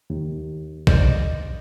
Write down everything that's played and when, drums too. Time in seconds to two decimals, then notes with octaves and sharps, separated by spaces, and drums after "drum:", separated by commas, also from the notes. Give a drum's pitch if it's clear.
0.10 D#2
0.87 C5 D5 D#5, drum: kick A#1